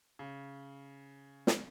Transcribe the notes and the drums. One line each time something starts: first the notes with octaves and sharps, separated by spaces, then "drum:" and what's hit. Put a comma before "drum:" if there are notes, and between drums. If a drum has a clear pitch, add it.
C#3
drum: snare